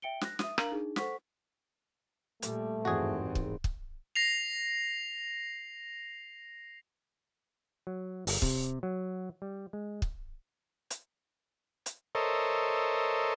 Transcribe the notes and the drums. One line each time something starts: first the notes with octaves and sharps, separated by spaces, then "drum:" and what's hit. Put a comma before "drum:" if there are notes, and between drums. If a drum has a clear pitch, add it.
E5 G5 C#7 D7 G7
F#6 A#6, drum: snare
E5 D#6 D#7, drum: snare
D4 A#4 F5 A#5 F#7, drum: rim click
D4 D#4 G#4
A4 C5 F#5 C#6 B6, drum: snare
A#2 G3 A3, drum: hi-hat
G#1 E2 G2 C4 F#4 G#4
G#2 B3
drum: kick
drum: kick
A#6 C7 F7
F#3
G1, drum: open hi-hat
C3, drum: kick
F#3
G3
G#3
drum: kick
drum: hi-hat
drum: hi-hat
A4 A#4 C5 C#5 D#5 E5